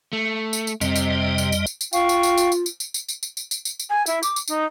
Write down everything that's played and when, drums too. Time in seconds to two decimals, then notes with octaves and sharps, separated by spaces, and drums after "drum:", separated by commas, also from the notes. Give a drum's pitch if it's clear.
0.13 A3
0.53 drum: tambourine
0.67 drum: tambourine
0.81 F2 C3 G3 C4 D#5, drum: tambourine
0.96 drum: tambourine
1.38 drum: tambourine
1.52 drum: tambourine
1.67 drum: tambourine
1.81 drum: tambourine
1.93 F4 F5 G5 C#6, drum: tambourine
2.09 drum: tambourine
2.23 drum: tambourine
2.38 drum: tambourine
2.52 drum: tambourine
2.66 drum: tambourine
2.80 drum: tambourine
2.94 drum: tambourine
3.09 drum: tambourine
3.23 drum: tambourine
3.37 drum: tambourine
3.51 drum: tambourine
3.65 drum: tambourine
3.80 drum: tambourine
3.89 G#5
4.06 E4, drum: tambourine
4.23 D6, drum: tambourine
4.36 drum: tambourine
4.48 D#4, drum: tambourine